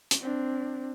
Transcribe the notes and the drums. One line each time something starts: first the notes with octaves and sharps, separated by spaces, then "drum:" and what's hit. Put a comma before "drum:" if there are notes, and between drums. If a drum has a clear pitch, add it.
drum: hi-hat
C4 D4